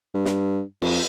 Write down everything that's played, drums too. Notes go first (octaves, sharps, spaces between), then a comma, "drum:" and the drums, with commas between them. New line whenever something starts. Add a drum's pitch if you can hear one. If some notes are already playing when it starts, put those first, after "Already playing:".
G2
drum: snare
F2, drum: cymbal